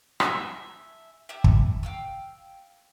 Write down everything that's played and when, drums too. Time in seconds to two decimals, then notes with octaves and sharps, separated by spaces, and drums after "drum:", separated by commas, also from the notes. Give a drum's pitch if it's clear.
0.20 E5 G#5 A5, drum: rim click
1.29 G4 E5
1.44 drum: kick
1.83 F5 G5 E6